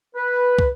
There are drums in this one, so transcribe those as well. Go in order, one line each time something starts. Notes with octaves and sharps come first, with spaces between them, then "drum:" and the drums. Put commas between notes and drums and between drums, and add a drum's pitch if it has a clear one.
B4
drum: kick